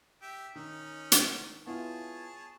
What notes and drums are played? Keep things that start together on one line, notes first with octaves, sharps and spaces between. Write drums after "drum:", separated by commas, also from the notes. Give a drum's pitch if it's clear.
G4 E5
D#3 C#4 D#4
drum: hi-hat
B3 E4 F4 G#4 C#5 A5